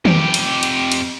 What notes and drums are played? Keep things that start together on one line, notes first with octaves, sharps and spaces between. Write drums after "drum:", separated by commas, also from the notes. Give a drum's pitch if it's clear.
F2 G4, drum: tom D#3
drum: cymbal
drum: cymbal
drum: cymbal